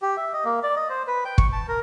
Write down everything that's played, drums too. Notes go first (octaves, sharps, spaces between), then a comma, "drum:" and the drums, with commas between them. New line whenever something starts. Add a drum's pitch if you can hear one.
G4
E5
D#5
A#3
D5
D#5
C5
B4
G5
C#6, drum: kick
A5
A#4